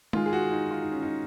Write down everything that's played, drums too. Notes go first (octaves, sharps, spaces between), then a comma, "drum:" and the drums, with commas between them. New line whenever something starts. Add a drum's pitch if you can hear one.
D#3 G#3 F4, drum: tom G#3
G#4
F#4
D#4
F4
D#4
C#4
D#4